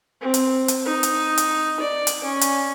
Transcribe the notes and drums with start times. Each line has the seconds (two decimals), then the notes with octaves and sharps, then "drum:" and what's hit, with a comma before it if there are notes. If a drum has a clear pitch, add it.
0.22 C4
0.34 drum: hi-hat
0.68 drum: hi-hat
0.86 D#4
1.03 drum: hi-hat
1.38 drum: hi-hat
1.81 D5
2.07 drum: hi-hat
2.24 C#4
2.41 drum: hi-hat